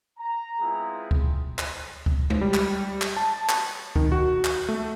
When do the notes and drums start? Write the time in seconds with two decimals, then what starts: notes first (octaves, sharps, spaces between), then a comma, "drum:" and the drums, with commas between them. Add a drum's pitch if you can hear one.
0.19 A#5
0.60 G#3 B3 C4 E4 F4 G#4
1.11 drum: kick C#2
1.59 drum: clap
2.06 drum: kick C#2
2.30 drum: tom G#3
2.41 G3
2.54 drum: clap
3.02 drum: clap
3.17 A5
3.49 drum: clap
3.96 D#3, drum: kick C#2
4.12 F#4
4.45 drum: clap
4.69 A3